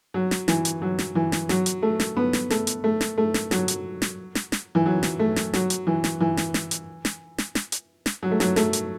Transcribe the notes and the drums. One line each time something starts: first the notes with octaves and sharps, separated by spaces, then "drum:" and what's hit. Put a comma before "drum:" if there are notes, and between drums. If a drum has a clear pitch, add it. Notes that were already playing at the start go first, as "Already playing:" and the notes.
F#3
drum: snare
E3, drum: snare
drum: hi-hat
F#3
drum: snare
E3
drum: snare
F#3, drum: snare
drum: hi-hat
A3
drum: snare
B3
drum: snare
A3, drum: snare
drum: hi-hat
A3
drum: snare
A3
drum: snare
F#3, drum: snare
drum: hi-hat
drum: snare
drum: snare
drum: snare
E3
F#3
drum: snare
A3
drum: snare
F#3, drum: snare
drum: hi-hat
E3
drum: snare
E3
drum: snare
drum: snare
drum: hi-hat
drum: snare
drum: snare
drum: snare
drum: hi-hat
drum: snare
F#3
A3
F#3, drum: snare
A3, drum: snare
drum: hi-hat